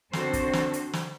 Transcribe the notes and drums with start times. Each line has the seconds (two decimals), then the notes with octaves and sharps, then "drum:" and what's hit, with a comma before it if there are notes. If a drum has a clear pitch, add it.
0.13 D3 C4 D4 F#4 A4 C5, drum: snare
0.33 drum: kick, hi-hat
0.53 drum: snare
0.73 drum: hi-hat
0.93 drum: snare